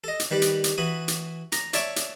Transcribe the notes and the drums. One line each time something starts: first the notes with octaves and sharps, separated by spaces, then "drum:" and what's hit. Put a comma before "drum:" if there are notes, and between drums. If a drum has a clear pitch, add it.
A4 D#5
drum: hi-hat
D#3 G3 B4 D5
drum: hi-hat
drum: hi-hat
E3 F#4 B5 D#6
drum: hi-hat
A#5, drum: hi-hat
C#5 D5 E5 A5 C#6 D6, drum: hi-hat
drum: hi-hat